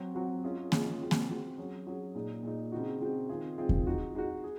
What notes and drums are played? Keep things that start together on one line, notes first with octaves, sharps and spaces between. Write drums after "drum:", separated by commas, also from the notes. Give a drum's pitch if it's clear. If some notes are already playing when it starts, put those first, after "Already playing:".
Already playing: F#3 C4 F#4
F#3 C4 F#4
G#3 C#4 F4 G#4
G#3 C#4 F4 G#4, drum: snare A#3
G#3 C4 F#4
drum: snare A#3
G#3 C4 F#4
F#3 C#4 G#4
F#3 C#4 G#4
A#2 G#3 D#4
A#2 G#3 D#4
C#3 G#3 C4 D#4 F#4
C#3 G#3 C4 D#4 F#4
D#3 G#3 C4 F4 G#4
D#3 G#3 C4 F4 G#4
drum: kick E2
G#3 D#4 F#4
G#3 D#4 F#4
G#4